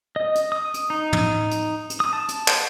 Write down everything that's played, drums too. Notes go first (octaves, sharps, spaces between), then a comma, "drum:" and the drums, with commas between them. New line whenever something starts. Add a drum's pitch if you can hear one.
D#5
drum: hi-hat
D#6
drum: hi-hat
D#4
drum: tom
drum: hi-hat
drum: hi-hat
D#6
A5
drum: hi-hat
drum: clap